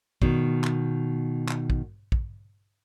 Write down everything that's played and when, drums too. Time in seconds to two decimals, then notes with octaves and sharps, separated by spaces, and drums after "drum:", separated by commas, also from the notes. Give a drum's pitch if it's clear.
0.22 B2 D#3, drum: kick
0.64 drum: clap
1.49 drum: clap
1.70 drum: kick
2.12 drum: kick